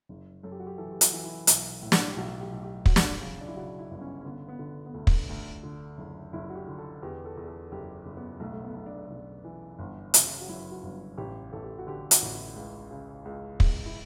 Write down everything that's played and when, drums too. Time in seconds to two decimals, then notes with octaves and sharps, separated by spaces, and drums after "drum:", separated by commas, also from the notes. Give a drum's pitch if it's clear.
0.09 F#1
0.43 F#2 A4
0.52 G4
0.59 F#4
0.67 G4
0.78 E3 A4
0.92 G4
1.01 F#4, drum: hi-hat
1.13 E3
1.25 E4
1.47 B1, drum: hi-hat
1.82 A2
1.92 drum: snare
2.11 G4
2.16 B1 F#4
2.40 G4
2.52 B1
2.64 G4
2.86 F#2 F#4, drum: kick
2.96 drum: snare
3.21 C#3
3.41 D4
3.48 E4
3.56 C#3 F#4
3.79 E4
3.91 G1
4.01 C#4
4.21 C#4
4.25 D3 B3
4.49 B3
4.59 D3
4.86 B3
4.94 D2 A3
5.07 drum: kick
5.29 D2
5.63 D3
5.98 F#1
6.33 F#1 E4
6.50 F#4
6.55 G4
6.67 D3
6.78 A4
7.02 E2 G4
7.25 A4
7.37 E2
7.48 A4
7.72 F#1 G4
8.06 F#1
8.17 B3
8.40 B1 A3
8.53 A3
8.64 B3
8.75 B1
8.86 D4
9.10 B1
9.44 E3
9.79 G1
10.14 C#3, drum: hi-hat
10.41 F#4
10.48 F#2 E4
10.71 F#4
10.83 G1
11.18 A1 G4
11.52 A1 A4
11.64 G4
11.78 F#4
11.87 D3 G4
12.11 F#4, drum: hi-hat
12.22 A1
12.34 E4
12.56 C#2
12.91 C#3
13.25 C#2
13.60 C#2, drum: kick
13.86 E4